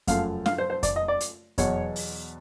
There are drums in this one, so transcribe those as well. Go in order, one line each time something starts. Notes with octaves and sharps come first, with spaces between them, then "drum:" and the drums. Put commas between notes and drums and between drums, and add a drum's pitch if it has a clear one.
F#2 C#3 F3 A3 F5, drum: kick F2, hi-hat
F5, drum: snare
C5
C5
D5, drum: kick F2, hi-hat
D#5
D5
drum: hi-hat
E2 B2 F#3 C#5, drum: kick F2, hi-hat
drum: open hi-hat